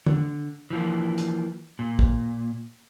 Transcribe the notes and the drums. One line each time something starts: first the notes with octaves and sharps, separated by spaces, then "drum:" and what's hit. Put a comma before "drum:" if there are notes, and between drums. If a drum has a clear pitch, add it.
D3, drum: tom
E3 F3 A#3
drum: hi-hat
A#2
drum: kick